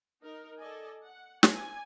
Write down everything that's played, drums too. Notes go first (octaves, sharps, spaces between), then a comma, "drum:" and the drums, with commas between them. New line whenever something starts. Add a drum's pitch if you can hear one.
D#4 A#4
A4 D5 D#5 G#5
F#5
D5 G#5, drum: snare